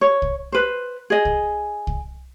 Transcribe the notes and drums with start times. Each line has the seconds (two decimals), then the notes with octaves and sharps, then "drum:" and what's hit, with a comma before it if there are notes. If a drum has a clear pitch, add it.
0.01 C#5
0.22 drum: kick C2
0.52 B4 C5
1.10 G#4 D#5
1.25 drum: kick C2
1.87 drum: kick C2